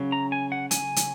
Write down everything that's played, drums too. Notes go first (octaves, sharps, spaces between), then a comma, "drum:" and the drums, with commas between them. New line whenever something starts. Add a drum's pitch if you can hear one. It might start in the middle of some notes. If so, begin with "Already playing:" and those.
Already playing: C#3 F#3 C#4
A#5
G#5
F#5
G#5, drum: hi-hat
drum: hi-hat